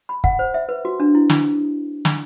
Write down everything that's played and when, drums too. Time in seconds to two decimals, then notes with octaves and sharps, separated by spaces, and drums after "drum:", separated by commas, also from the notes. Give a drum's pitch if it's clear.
0.09 B5
0.24 F#5, drum: kick
0.39 C5
0.54 E5
0.69 B4
0.85 F#4
1.00 D4
1.15 E4
1.30 drum: snare
2.05 drum: snare